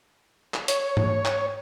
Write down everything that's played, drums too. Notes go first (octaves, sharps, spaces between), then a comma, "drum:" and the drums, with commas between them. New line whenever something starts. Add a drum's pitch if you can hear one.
drum: clap
C#5, drum: hi-hat
drum: tom G#2
drum: clap